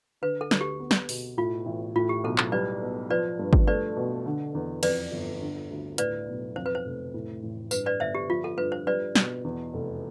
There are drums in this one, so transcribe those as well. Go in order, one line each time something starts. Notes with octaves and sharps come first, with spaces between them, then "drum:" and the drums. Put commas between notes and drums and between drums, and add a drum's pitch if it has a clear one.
D3 B4
A4
D2, drum: snare
G4
B3
drum: snare
B2, drum: open hi-hat
A2 F4
A1
A2 F4
G4
B1 A4
C5, drum: clap
G3 B4 D5
B2
F3 B4 D5
G2
drum: kick G#1
A3 B4 D5
B2
D3
E2
F2 B4 D5, drum: cymbal
G1
D3
D2
A2 B4 D5, drum: hi-hat
B1
F2 C5
B4
C5
F1
A2
A1
G2 B4, drum: tambourine
B4 D5
G1 C5 E5
G4
F3 F4
A4
G2 B4
C5
G3 B4 D5
B2, drum: snare
E2
F1